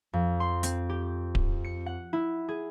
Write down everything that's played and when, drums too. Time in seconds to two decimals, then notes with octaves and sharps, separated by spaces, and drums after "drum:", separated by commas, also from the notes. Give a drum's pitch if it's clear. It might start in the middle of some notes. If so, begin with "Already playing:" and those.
0.13 F2
0.40 C6
0.63 C4, drum: hi-hat
0.89 G4
1.35 drum: kick D1
1.64 C#7
1.86 F#5
2.13 E4
2.49 G#4